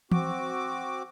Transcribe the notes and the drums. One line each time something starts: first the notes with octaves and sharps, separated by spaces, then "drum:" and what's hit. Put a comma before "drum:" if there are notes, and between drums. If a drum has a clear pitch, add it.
C4 F#4 D6, drum: tom E3